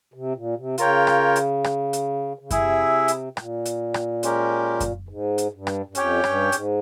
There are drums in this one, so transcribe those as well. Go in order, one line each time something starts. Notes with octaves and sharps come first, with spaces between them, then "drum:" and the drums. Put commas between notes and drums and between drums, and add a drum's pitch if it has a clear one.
C3
A#2
C3
C#3 F4 A#4 C#5 G5, drum: hi-hat
drum: rim click
drum: hi-hat
drum: rim click
drum: hi-hat
C#3
C3 E4 G#4 E5, drum: kick F#2, hi-hat
drum: hi-hat
A#2, drum: rim click
drum: hi-hat
drum: rim click
G#3 C#4 G4 A#4, drum: hi-hat
drum: kick F#2, hi-hat
G#2
drum: hi-hat
G2
drum: rim click
G2
F2 C#4 G4 C#5 G5, drum: hi-hat
G2, drum: rim click
G#2, drum: hi-hat